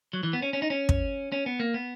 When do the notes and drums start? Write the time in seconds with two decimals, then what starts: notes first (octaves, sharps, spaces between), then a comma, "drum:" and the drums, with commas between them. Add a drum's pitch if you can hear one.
0.13 F#3
0.23 E3
0.33 B3
0.42 C#4
0.53 C#4
0.62 D#4
0.70 C#4
0.89 drum: kick
1.32 C#4
1.46 B3
1.60 A#3
1.74 B3